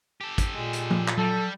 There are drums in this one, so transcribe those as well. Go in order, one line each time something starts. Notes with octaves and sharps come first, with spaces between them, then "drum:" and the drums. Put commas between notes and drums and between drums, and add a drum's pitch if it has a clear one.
G4 A4
drum: kick, hi-hat
A#2 G#3
drum: hi-hat
drum: tom F3
drum: clap
F#3 G3 A4